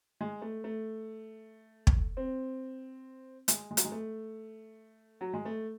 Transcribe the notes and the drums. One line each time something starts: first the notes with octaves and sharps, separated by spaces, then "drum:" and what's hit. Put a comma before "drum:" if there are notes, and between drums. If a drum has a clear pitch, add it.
G#3
A3
A3
drum: kick
C4
G#3, drum: hi-hat
G#3
F#3, drum: hi-hat
G#3
A3
F#3
G#3
A3